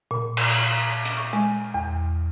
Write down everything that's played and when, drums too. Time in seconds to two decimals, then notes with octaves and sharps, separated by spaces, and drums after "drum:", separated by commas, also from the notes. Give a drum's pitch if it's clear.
0.11 A#2
0.37 drum: cymbal
1.05 drum: hi-hat
1.17 C#6
1.33 G#3
1.74 E2